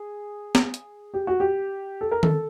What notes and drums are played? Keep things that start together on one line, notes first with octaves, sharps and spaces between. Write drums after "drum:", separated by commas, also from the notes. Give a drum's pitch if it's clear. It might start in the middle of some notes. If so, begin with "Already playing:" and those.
Already playing: G#4
drum: snare
drum: hi-hat
G4
F#4
G4
A4
A#4
A4, drum: tom D#3